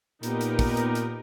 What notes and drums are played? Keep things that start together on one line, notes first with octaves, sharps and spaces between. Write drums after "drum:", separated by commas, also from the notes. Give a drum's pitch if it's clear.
A#2 B3 D#4 G4 A#4, drum: hi-hat
drum: hi-hat
drum: kick, open hi-hat
drum: hi-hat
drum: hi-hat